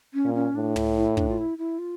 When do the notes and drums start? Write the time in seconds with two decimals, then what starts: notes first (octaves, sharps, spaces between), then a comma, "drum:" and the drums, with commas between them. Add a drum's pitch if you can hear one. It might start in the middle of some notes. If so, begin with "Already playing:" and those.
0.14 C#4
0.24 A#2
0.34 C#4
0.55 A2 D4
0.76 E4, drum: tom
0.96 E4
1.17 D4, drum: kick
1.29 F4
1.38 E4
1.58 E4
1.79 F4